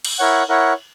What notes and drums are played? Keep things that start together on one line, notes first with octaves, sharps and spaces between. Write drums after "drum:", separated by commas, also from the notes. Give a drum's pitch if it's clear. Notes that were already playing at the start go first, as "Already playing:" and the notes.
drum: cymbal
E4 A#4 C#5 F#5
E4 A#4 C#5 F#5